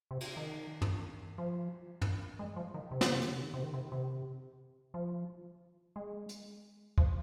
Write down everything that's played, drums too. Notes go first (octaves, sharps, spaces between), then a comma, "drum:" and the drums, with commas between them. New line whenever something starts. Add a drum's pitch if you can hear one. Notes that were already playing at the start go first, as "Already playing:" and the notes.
C3
drum: cymbal
D#3
drum: tom
F3
drum: tom
G#3
F3
D#3
C3
D#3, drum: snare
C3
D#3, drum: hi-hat
C3
D#3
C3
D#3
C3
C3
F3
G#3
drum: hi-hat
F3, drum: kick